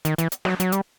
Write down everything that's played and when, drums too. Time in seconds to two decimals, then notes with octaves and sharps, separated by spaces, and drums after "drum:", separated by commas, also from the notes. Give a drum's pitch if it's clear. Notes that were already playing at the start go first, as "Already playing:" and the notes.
0.05 D#3, drum: hi-hat
0.18 E3, drum: hi-hat
0.32 drum: hi-hat
0.45 F#3, drum: snare
0.60 F#3, drum: hi-hat
0.72 G3, drum: hi-hat